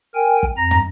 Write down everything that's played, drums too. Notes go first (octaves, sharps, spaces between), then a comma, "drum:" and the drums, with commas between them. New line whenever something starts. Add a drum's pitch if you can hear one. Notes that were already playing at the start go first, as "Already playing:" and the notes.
A#4 G5 G#5
drum: kick
F2 A#5 A#6
drum: tom